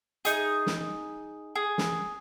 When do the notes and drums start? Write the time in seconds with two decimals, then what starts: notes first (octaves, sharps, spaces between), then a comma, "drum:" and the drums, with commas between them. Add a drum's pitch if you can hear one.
0.25 D#4 G#4, drum: hi-hat
0.66 drum: snare
1.55 G#4
1.78 drum: snare